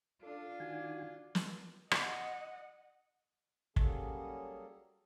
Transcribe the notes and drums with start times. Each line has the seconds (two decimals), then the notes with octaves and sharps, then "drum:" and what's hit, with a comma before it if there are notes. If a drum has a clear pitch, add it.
0.23 D4 F4 A4
0.60 D#3 F#4 G#5
1.35 drum: snare
1.91 D#5 F#5, drum: rim click
3.76 F#3 G3 A#3 C#4 G#4 A4, drum: kick